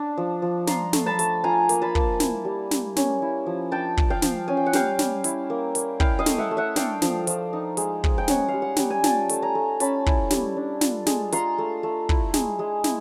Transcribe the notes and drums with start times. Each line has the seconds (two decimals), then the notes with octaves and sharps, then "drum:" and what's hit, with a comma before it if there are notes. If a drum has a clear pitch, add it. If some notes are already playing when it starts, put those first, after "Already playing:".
Already playing: D4
0.18 F3
0.42 F3
0.67 F4 A#5 C6, drum: snare
0.93 A3, drum: snare
1.06 A5 B5
1.19 A3, drum: hi-hat
1.44 F4 G#5 A#5
1.69 A#3, drum: hi-hat
1.82 A5 B5
1.95 A#3, drum: kick
2.20 E4, drum: snare
2.45 G3
2.71 G3, drum: snare
2.97 C#4, drum: snare
3.22 E4
3.46 F3
3.72 D4 G5 A5
3.97 F4, drum: kick
4.10 F5 G5
4.22 F3, drum: snare
4.48 C#4 G#5
4.57 G5
4.66 F#5
4.73 G3 F5 G5, drum: snare
4.99 G3, drum: snare
5.24 E4, drum: hi-hat
5.50 A#3
5.75 A#3, drum: hi-hat
6.00 E4 F5 G5, drum: kick
6.19 D#5 F5
6.26 A3, drum: snare
6.38 E5 F#5
6.51 A3
6.57 E5 F#5
6.76 D4 F5 G5, drum: snare
7.02 F3, drum: snare
7.27 F3, drum: hi-hat
7.53 D#4
7.77 G#3, drum: hi-hat
8.04 G#3, drum: kick
8.18 G5
8.28 C#4 F#5 G#5, drum: snare
8.48 G3 F5
8.62 F#5
8.77 G3 G5, drum: snare
8.90 G#5
9.04 F4 G5 A5, drum: snare
9.29 A3, drum: hi-hat
9.42 G#5 A#5
9.55 A3
9.80 C#4 A5 B5, drum: hi-hat
10.06 E4, drum: kick
10.31 G3, drum: snare
10.57 D4
10.81 F4, drum: snare
11.07 G#3, drum: snare
11.32 F4 A#5 C6, drum: hi-hat
11.58 A3
11.83 A3
12.09 E4, drum: kick
12.34 G#3, drum: snare
12.59 G#3
12.84 E4, drum: snare